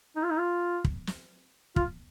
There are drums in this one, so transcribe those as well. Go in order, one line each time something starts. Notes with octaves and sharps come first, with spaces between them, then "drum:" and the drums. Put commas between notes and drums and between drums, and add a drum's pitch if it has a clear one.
D#4
F4
D#4
F4
drum: kick
drum: snare
F4, drum: kick